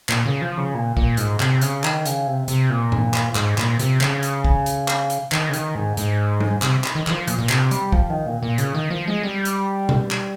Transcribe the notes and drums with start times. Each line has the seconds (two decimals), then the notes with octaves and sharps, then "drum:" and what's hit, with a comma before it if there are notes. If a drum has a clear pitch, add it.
0.09 A#2, drum: clap
0.26 C#3
0.42 F3
0.57 C#3
0.75 A#2
0.97 A#2, drum: kick
1.17 G#2, drum: hi-hat
1.40 C3, drum: clap
1.61 C#3, drum: hi-hat
1.84 D#3, drum: clap
2.06 C#3, drum: hi-hat
2.27 C3
2.48 C3, drum: hi-hat
2.70 A#2
2.92 drum: tom G2
3.14 drum: clap
3.35 G#2, drum: clap
3.58 A#2, drum: clap
3.79 C3, drum: hi-hat
4.01 C#3, drum: clap
4.23 drum: hi-hat
4.44 drum: kick
4.66 drum: hi-hat
4.88 drum: clap
5.10 drum: hi-hat
5.32 D#3, drum: clap
5.49 C#3
5.53 D#3, drum: hi-hat
5.75 G#2
5.97 G#2, drum: hi-hat
6.40 drum: tom G3
6.62 C3, drum: clap
6.84 drum: clap
6.95 D#3
7.07 D#3, drum: clap
7.11 F3
7.27 A#2, drum: hi-hat
7.39 A#2
7.49 C3, drum: clap
7.71 G3, drum: hi-hat
7.92 F3, drum: kick
8.10 D#3
8.26 A#2
8.42 A#2
8.58 C#3, drum: hi-hat
8.75 D#3
8.90 F3
9.08 G#3
9.23 G3
9.45 drum: hi-hat
9.89 drum: tom B2
10.11 drum: clap